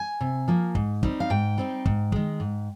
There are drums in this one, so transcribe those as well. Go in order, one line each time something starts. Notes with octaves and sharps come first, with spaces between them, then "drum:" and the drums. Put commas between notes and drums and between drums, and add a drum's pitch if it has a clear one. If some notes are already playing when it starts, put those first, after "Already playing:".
Already playing: G#5
C3
F3 A#3
G#2, drum: kick
G3 C4 D#4, drum: kick
F5
G#2 G5
G3 C4 D#4
G#2, drum: kick
D#3 G#3, drum: kick
G#2